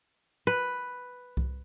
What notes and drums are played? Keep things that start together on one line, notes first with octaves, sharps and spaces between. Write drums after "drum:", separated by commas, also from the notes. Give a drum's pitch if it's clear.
B4
drum: kick C2